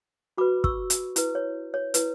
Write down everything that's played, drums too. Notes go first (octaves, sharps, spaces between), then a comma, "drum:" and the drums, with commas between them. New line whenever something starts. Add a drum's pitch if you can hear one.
F#4 B4 B5 D6
C#6 E6, drum: kick
drum: hi-hat
E4 B4, drum: hi-hat
C#5
C#5
E4 B4, drum: hi-hat